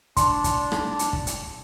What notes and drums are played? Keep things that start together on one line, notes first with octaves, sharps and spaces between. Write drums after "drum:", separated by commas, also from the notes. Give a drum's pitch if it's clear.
D4 C6, drum: kick, hi-hat
drum: kick, hi-hat
drum: rim click
drum: hi-hat
drum: kick
drum: hi-hat